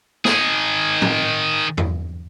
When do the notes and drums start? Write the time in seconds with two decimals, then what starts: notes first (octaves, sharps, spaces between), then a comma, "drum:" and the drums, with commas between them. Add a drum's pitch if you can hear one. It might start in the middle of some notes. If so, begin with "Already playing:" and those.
0.25 D#3 G#4, drum: snare
1.02 drum: tom
1.77 drum: tom E2